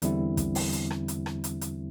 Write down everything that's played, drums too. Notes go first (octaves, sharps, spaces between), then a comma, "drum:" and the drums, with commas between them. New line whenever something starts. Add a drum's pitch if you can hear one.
E2 D3 G3 C4 E4, drum: hi-hat
drum: kick, hi-hat
drum: open hi-hat
drum: hi-hat
drum: rim click
drum: hi-hat
drum: rim click
drum: hi-hat
drum: hi-hat